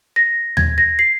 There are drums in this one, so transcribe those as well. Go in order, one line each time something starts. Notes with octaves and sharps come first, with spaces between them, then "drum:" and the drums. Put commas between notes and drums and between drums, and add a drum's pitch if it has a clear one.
A#6
G#6, drum: tom D#2
A#6
C7